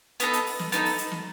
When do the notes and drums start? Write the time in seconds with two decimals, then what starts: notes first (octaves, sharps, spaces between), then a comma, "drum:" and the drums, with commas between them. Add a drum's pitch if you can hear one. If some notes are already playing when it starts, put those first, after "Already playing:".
0.20 B3 D#4 A4, drum: hi-hat
0.33 drum: hi-hat
0.46 drum: open hi-hat
0.59 drum: snare
0.72 B3 D#4 A4, drum: hi-hat
0.85 drum: open hi-hat
0.98 drum: hi-hat
1.11 drum: snare